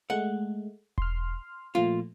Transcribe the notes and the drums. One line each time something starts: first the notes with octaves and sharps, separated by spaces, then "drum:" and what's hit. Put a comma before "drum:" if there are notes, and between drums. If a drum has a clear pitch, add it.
G#3 A3 F#5
C6 F6, drum: kick E1
A#2 F3 A3 F4